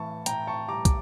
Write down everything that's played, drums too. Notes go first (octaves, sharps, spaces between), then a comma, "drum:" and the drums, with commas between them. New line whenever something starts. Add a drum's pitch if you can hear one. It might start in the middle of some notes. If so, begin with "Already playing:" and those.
Already playing: A2 E3 A5 C#6
A2 G5 A#5, drum: hi-hat
A5 C#6
G3 A#5 D6
D6, drum: kick, hi-hat